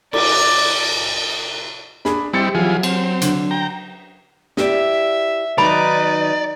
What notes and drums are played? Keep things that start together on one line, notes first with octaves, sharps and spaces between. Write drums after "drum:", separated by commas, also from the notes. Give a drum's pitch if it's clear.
D5, drum: cymbal
D4 G#4 B5, drum: snare
G3 C4 E4 G4 D#5 A6 C#7
E3 F#3 F4 G#4
C4, drum: cymbal
D3, drum: hi-hat
G5 A#5
E4 G4 D5 E5, drum: snare
D#3 F#3 B3 D#4 B4 D5 B5